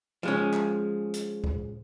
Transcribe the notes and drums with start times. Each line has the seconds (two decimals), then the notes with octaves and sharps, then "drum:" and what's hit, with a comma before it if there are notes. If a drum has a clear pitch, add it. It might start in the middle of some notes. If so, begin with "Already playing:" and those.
0.23 F3 G#3 C#4
0.53 drum: clap
1.14 drum: hi-hat
1.44 drum: kick C#2